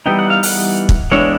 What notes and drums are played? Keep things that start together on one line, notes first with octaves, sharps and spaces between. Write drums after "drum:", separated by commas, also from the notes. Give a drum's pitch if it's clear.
E3 G3 B3 D#4 G5
F#5
F5
F#5, drum: open hi-hat
drum: kick
E3 G#3 B3 D4 C#5